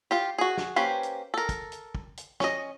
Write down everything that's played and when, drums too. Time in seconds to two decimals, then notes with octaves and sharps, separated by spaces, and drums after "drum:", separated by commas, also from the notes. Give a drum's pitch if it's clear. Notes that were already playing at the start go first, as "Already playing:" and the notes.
0.11 F4 G4
0.38 F#4 G#4
0.57 drum: snare
0.76 A#3 C#4 G4 B4 C5
1.03 drum: hi-hat
1.34 A4 A#4
1.49 drum: kick, hi-hat
1.72 drum: hi-hat
1.95 drum: kick
2.17 drum: hi-hat
2.40 C#4 D#5, drum: snare